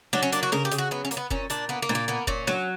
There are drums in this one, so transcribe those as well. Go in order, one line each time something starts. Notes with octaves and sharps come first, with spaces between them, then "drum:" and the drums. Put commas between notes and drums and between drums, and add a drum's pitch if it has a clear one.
F#3 D4, drum: snare D4
C#4
A#3 D4, drum: hi-hat
F#4
C#3 A#4, drum: snare D4
G4
C#3, drum: hi-hat
F#4
F#3 B3
C#4
A#3, drum: hi-hat
B3
A#2 C#4, drum: kick F1
A#2 D4, drum: hi-hat
A#3 B3
A#3
A#2, drum: snare D4
A#3
A#3 B3
A#2 C#4, drum: kick F1
F#3, drum: snare D4